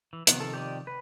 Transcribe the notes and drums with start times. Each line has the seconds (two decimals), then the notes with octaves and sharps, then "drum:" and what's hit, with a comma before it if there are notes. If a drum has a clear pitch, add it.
0.13 E3
0.27 C3 D#3 F3 B3, drum: hi-hat
0.40 A4
0.54 G4 D5 D#5
0.87 B4